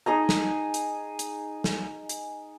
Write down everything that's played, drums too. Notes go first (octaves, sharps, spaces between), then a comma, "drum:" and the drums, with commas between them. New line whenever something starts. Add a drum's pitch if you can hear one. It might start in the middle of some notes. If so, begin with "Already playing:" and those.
D#4 G#4 D#5 A#5
drum: snare
drum: hi-hat
drum: hi-hat
drum: snare
drum: hi-hat